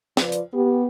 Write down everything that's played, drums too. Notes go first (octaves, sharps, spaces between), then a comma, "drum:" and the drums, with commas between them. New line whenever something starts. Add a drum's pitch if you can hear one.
F3 F4 B4 D5, drum: snare
drum: hi-hat
B3 G4